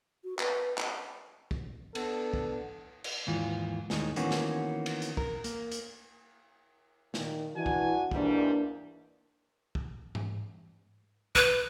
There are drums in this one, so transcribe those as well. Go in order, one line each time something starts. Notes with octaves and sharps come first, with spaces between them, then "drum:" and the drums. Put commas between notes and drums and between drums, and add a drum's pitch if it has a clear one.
F#4
B4, drum: clap
drum: clap
drum: kick
B3 D4 A4, drum: cymbal
drum: kick
drum: cymbal
D#2 G#2 E3 F4
D#2 A2 G#3 D#4, drum: snare
D#3 E3 A#3 B3 C#4 F#4, drum: hi-hat
drum: snare
drum: cymbal
drum: hi-hat
A#4, drum: kick
A#3, drum: hi-hat
drum: hi-hat
A#2 D#3, drum: snare
E3 D4 F#4 G#5
drum: kick
C2 G#2 E3 G3 A#3 D4, drum: kick
drum: kick
drum: tom G#2
B4, drum: kick